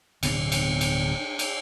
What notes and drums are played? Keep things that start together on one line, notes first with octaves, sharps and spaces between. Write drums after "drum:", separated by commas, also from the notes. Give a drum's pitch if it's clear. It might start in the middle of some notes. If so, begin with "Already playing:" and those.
D1 B2 B3 C4, drum: cymbal
drum: cymbal
drum: cymbal
drum: cymbal